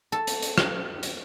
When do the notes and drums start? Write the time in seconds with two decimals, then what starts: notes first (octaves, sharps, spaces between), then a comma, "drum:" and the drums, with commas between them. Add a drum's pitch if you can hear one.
0.12 A4
0.27 drum: hi-hat
0.42 drum: hi-hat
0.58 drum: rim click
1.03 drum: hi-hat